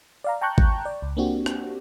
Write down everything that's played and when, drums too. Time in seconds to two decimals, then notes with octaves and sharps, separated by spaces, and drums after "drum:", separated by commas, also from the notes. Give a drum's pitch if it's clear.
0.24 D5 F5 A#5
0.41 G5 A5 A#5 C#6 F#6 G6
0.58 drum: kick
0.85 D5
1.02 C#2
1.17 A#3 C4 D4 F#4 G4
1.46 drum: rim click